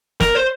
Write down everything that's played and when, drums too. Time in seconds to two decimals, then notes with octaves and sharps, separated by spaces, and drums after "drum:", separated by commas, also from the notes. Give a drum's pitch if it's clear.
0.20 A#4, drum: snare
0.35 C5